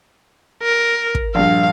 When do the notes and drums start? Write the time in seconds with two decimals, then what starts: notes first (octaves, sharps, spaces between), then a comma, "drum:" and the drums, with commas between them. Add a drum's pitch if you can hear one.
0.63 A#4
1.15 drum: kick
1.35 A#1 G2 F5